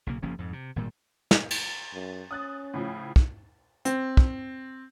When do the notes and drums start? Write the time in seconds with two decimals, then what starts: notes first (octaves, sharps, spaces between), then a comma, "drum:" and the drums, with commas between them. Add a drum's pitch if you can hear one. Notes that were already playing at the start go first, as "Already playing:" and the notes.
0.07 B1 C#3 A#3
0.23 F#1 F3 A#3 C#4
0.39 F2 G#2
0.53 C3
0.76 G#1 A#2 G3
1.31 drum: snare
1.50 drum: cymbal
1.94 F#2
2.31 C#4 D#6 F#6 A6
2.74 A2 C#3 F3
3.16 drum: kick
3.85 C4, drum: hi-hat
4.17 drum: kick